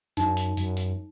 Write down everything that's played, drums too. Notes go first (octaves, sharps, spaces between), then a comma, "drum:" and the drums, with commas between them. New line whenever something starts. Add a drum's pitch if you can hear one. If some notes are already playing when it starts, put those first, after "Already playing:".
F#2 D#4, drum: hi-hat
drum: hi-hat
F#2, drum: hi-hat
drum: hi-hat